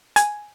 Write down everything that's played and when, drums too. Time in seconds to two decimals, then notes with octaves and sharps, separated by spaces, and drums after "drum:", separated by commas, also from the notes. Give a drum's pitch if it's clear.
0.16 G#5, drum: hi-hat